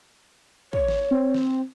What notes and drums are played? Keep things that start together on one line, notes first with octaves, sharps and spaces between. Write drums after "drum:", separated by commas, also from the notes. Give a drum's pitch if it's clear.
C#5, drum: kick
drum: snare
C4
drum: snare